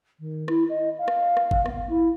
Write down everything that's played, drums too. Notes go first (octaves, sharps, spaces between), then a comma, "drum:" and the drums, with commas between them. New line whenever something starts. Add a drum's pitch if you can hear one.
D#3
E4, drum: rim click
D#5
F5
drum: rim click
drum: rim click
drum: kick G#1
B3, drum: rim click
E4